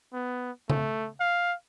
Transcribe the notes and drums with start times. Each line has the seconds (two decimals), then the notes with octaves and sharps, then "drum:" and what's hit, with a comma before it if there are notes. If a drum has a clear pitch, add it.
0.13 B3
0.70 A3, drum: tom C#3
1.20 F5